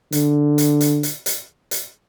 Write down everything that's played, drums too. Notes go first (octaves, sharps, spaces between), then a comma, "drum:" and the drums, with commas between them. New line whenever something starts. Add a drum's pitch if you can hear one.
D3, drum: hi-hat
drum: hi-hat
drum: hi-hat
drum: hi-hat
drum: hi-hat
drum: hi-hat